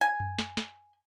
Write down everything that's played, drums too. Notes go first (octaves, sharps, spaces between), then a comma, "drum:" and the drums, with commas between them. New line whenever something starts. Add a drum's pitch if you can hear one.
G#5
drum: tom F#2
drum: snare
drum: snare